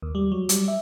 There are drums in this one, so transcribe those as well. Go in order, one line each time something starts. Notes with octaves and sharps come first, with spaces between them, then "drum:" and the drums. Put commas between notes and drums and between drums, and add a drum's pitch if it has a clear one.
D#2
G3
F#3
G3, drum: hi-hat
E5